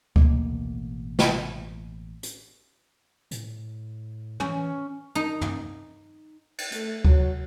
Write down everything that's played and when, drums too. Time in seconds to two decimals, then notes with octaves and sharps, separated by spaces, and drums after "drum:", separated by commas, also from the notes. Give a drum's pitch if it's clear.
0.16 A1 B2 A#3, drum: kick D2
1.19 drum: snare
2.23 drum: hi-hat
3.31 A2, drum: hi-hat
4.40 E3 C#4, drum: tom
5.15 D#4
5.41 drum: tom
6.58 drum: cymbal
6.72 A3, drum: hi-hat
7.05 F#3, drum: kick D2